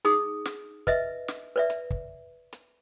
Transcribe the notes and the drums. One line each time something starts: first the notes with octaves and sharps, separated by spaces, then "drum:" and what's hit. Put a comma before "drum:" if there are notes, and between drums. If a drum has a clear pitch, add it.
D#4 G#4 D#6, drum: hi-hat
drum: snare
B4 D#5 E5, drum: kick, hi-hat
drum: snare
B4 D5 E5
drum: hi-hat
drum: kick
drum: hi-hat